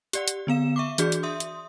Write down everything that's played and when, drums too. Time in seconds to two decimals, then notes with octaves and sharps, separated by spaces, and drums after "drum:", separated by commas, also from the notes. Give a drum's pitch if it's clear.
0.13 G4 D5 F#5, drum: hi-hat
0.28 drum: hi-hat
0.47 D3 B3 F5 E7
0.76 E5 C#6 D6
0.98 E3 D4 F#4 G#4 D5 G6, drum: hi-hat
1.12 drum: hi-hat
1.23 E5 C6 D#6
1.40 drum: hi-hat